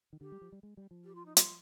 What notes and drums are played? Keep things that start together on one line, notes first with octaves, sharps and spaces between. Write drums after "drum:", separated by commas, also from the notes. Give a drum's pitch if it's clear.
D#3
D3 G4
G3
F3
G3
G#3
G3
F3
G4
F4
D#4
F4, drum: hi-hat